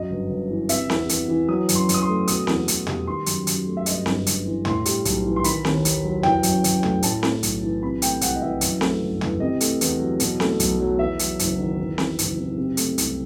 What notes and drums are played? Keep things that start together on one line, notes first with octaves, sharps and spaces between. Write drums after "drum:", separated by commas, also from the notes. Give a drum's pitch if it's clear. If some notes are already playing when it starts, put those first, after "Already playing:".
Already playing: F#2 F#3 D#5
G1
G1
E3
C3 E5, drum: hi-hat
E2, drum: snare C4
E2, drum: hi-hat
E3
F#3 D#6
F#2, drum: hi-hat
C6
F#2, drum: hi-hat
D#6
C6
A3
B2 D#6, drum: hi-hat
E2, drum: snare C4
E2, drum: hi-hat
G3, drum: tom
D#3 C6
F#2, drum: hi-hat
F#2, drum: hi-hat
A3
E5
G2 D#5, drum: hi-hat
G1, drum: snare C4
G1, drum: hi-hat
E3
A2 C6, drum: tom
G3, drum: hi-hat
B1, drum: hi-hat
E3
C6
D#3 B5, drum: hi-hat
D#2, drum: snare C4
D#2, drum: hi-hat
F#3
E3 G5, drum: tom
F#2, drum: hi-hat
F#2, drum: hi-hat
A3, drum: tom
A2 A5, drum: hi-hat
A3, drum: snare C4
B1, drum: hi-hat
E3
C3 B5
A3 G5, drum: hi-hat
C2 F#5, drum: hi-hat
D#5
E3 E5
F#2, drum: hi-hat
A3, drum: snare C4
G1
E3, drum: tom
C3 D#5
A3, drum: hi-hat
E2, drum: hi-hat
F#3
B2, drum: hi-hat
A3, drum: snare C4
B1, drum: hi-hat
F#3
E2 E5
F#3, drum: hi-hat
F#1, drum: hi-hat
D#3
E2
E3, drum: snare C4
F#1, drum: hi-hat
C3
C3
A3, drum: hi-hat
C2, drum: hi-hat